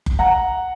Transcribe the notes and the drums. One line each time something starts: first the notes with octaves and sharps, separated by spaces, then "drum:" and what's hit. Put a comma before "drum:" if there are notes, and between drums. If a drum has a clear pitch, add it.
drum: kick F#1
F#5 A#5